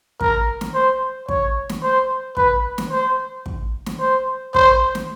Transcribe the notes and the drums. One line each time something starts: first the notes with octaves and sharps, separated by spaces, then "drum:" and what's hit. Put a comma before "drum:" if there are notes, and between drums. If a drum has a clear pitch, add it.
A#4, drum: kick
drum: snare
C5
C#5, drum: kick
drum: snare
C5
B4, drum: kick
drum: snare
C5
drum: kick
drum: snare
C5
C5, drum: kick
drum: snare